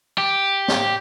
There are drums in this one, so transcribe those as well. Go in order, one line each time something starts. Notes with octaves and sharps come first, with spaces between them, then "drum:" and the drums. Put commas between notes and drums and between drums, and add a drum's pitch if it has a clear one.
G4
drum: snare